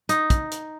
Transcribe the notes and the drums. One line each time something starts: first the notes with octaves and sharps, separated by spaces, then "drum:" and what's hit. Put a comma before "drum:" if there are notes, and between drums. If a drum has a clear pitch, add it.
D#4, drum: hi-hat
drum: kick, hi-hat
drum: hi-hat